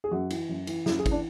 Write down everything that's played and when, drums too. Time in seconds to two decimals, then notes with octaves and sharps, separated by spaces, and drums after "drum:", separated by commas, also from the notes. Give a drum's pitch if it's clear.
0.04 G#4
0.11 F#2 F#4
0.30 E3, drum: cymbal
0.49 F#2
0.67 E3, drum: cymbal
0.86 F#2 E4, drum: snare
0.99 G#4
1.06 E3, drum: kick, cymbal
1.11 D4